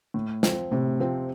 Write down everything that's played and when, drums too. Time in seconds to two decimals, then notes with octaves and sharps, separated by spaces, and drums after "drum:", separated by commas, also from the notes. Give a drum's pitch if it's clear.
0.14 A2
0.43 F3 C4, drum: snare
0.71 A2 C3
1.00 F3 C4